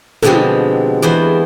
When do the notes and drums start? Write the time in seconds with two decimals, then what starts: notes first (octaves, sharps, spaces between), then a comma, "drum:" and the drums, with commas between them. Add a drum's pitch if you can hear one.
0.22 B2 D3 F3 G3 G#3 C4, drum: tom
1.02 E2 E3 B3 C5